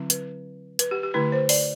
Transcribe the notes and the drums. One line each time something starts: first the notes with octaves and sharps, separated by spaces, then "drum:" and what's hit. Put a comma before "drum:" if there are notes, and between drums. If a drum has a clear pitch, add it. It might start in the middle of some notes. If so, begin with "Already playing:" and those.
Already playing: D3 F#3 C4 E4
B4, drum: hi-hat
B4, drum: hi-hat
G4
G4
D3 A3 E4 B4
C5
D5, drum: open hi-hat